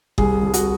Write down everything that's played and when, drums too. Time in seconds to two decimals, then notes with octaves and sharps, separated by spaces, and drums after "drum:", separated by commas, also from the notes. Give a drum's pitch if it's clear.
0.18 C2 G#4, drum: kick F#1
0.43 C2 G#4
0.54 F#4, drum: hi-hat